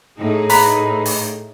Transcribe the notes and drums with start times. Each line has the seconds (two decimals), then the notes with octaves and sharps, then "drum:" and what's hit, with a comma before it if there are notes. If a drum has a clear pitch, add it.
0.18 A2 D#4 G#4
0.49 B4 A#5 B5, drum: open hi-hat
1.05 drum: open hi-hat